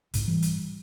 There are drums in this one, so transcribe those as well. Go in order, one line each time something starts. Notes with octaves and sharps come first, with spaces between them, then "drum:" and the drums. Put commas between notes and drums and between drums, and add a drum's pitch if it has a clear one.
B1 G#2, drum: hi-hat
E3 G3
drum: hi-hat